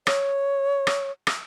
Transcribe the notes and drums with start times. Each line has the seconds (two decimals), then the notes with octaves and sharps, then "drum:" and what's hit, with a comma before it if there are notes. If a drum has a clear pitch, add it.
0.07 C#5, drum: rim click
0.87 drum: rim click
1.27 drum: rim click